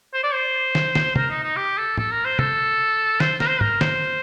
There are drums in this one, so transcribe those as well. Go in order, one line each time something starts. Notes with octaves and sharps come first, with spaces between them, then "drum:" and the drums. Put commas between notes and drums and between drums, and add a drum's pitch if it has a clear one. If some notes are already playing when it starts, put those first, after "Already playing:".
C5
D5
C5
drum: snare
drum: snare
A#4, drum: tom
D#4
D#4
G4
A4
A4, drum: tom
A#4
C5
A4, drum: tom
C5, drum: snare
A#4, drum: snare
C5
A#4, drum: tom
C5, drum: snare